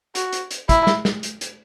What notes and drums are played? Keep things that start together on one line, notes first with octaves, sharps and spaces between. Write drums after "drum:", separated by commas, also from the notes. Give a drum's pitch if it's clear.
F#4, drum: hi-hat
drum: hi-hat
drum: hi-hat
E4, drum: kick, hi-hat
drum: snare
drum: snare
drum: hi-hat
drum: hi-hat